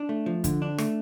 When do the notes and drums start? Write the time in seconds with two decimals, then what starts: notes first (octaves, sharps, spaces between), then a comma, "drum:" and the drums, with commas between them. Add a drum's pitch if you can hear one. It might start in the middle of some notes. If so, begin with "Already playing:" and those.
Already playing: D4
0.09 A3
0.26 F3
0.44 D3, drum: kick, hi-hat
0.62 D4
0.78 A3, drum: rim click